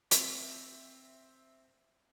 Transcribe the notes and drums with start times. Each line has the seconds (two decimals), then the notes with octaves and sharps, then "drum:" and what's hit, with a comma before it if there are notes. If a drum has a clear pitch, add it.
0.11 C4 E5, drum: hi-hat